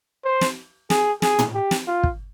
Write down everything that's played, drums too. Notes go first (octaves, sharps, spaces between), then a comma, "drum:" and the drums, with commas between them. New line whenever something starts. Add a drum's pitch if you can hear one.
C5
drum: snare
G#4, drum: snare
G#4, drum: snare
drum: tom
G4
drum: snare
F4
drum: kick